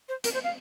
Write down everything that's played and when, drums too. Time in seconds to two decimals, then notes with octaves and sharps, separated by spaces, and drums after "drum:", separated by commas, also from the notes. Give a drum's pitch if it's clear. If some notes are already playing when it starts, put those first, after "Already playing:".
0.09 C5
0.24 A#4, drum: hi-hat
0.34 C5
0.44 F5